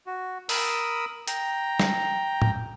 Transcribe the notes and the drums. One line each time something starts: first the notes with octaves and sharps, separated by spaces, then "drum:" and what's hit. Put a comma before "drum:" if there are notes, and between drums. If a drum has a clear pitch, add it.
F#4
A#4 B5 D#6 E6, drum: open hi-hat
G5 A#5, drum: hi-hat
drum: snare
drum: tom A2